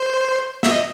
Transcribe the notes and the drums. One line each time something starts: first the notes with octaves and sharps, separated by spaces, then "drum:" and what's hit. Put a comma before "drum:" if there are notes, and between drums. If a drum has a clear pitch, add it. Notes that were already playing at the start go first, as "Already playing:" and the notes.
Already playing: C5
E5, drum: snare
D#5